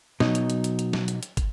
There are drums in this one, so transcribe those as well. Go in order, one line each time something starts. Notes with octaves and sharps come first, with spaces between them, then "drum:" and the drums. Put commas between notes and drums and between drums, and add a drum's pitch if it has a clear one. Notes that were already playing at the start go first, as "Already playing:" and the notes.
B2 F#3 D#4, drum: snare
drum: hi-hat
drum: hi-hat
drum: hi-hat
drum: hi-hat
drum: snare
drum: hi-hat
drum: hi-hat
drum: kick, hi-hat